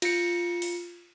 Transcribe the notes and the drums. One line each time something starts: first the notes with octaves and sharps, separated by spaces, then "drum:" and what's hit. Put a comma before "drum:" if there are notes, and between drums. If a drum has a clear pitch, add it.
F4 C#7, drum: cymbal
drum: open hi-hat